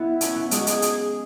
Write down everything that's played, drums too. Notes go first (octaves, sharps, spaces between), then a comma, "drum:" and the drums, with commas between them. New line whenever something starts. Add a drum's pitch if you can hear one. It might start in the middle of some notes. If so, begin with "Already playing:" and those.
Already playing: B3 E4
C#4, drum: hi-hat
B3
G#3 G#4, drum: hi-hat
F#4
G#4, drum: hi-hat
drum: hi-hat